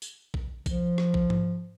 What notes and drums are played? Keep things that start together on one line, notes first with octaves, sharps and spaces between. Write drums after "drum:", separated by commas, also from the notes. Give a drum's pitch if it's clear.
drum: tambourine
drum: kick A#1
F3, drum: kick A#1, tambourine
drum: rim click
drum: kick A#1
drum: tom G#2